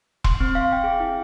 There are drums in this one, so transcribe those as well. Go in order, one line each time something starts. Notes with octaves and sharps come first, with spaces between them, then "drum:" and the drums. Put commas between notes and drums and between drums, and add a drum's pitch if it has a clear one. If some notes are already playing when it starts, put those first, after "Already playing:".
C6, drum: kick E1
C4
F5
G5
G#4
E4